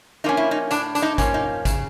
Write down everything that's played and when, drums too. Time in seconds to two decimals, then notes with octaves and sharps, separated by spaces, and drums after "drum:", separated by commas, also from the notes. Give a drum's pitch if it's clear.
0.24 F3 A#3 C#4 D#4
0.37 E4
0.51 D#4
0.71 A2 D4, drum: hi-hat
0.95 D4, drum: hi-hat
1.02 D#4
1.18 F3 A#3 C#4, drum: kick, hi-hat
1.34 D#4
1.65 C#3, drum: kick, hi-hat